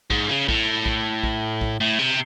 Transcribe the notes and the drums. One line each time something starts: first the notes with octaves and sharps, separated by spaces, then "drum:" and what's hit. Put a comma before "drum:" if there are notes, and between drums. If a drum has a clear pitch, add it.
G#2, drum: kick A#1
C#3
A2, drum: kick A#1
drum: kick A#1
drum: kick A#1
drum: kick A#1
A2
C3